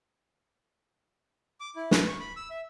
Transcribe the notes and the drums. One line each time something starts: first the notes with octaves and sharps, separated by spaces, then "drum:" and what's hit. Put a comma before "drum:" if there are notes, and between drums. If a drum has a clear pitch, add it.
D6
E4
B4, drum: snare
C#6
B5
E6
E5